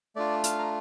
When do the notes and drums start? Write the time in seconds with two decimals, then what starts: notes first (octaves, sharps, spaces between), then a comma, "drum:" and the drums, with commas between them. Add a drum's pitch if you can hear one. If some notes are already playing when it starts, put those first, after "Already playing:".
0.16 A3 D4 F4 D5
0.44 F5, drum: hi-hat
0.59 A#5